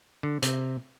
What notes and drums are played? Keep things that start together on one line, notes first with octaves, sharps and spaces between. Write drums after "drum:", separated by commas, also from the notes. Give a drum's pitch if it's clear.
D3
C3, drum: hi-hat